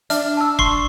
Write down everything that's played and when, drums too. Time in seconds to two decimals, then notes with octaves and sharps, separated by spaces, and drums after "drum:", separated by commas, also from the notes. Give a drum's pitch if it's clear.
0.10 D4 E5 F6, drum: hi-hat
0.37 A5 E6
0.59 C6 C#6 C7, drum: kick